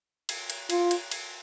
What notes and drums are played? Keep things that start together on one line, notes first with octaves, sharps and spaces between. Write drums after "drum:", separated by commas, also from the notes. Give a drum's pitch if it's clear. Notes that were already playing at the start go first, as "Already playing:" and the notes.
drum: cymbal
drum: cymbal
F4, drum: cymbal
drum: cymbal
drum: cymbal